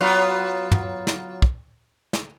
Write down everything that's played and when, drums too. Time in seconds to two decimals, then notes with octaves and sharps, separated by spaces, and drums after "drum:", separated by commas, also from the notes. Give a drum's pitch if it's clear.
0.01 F#3 B3 F4
0.71 drum: tom
1.07 drum: snare
1.42 drum: kick
2.13 drum: snare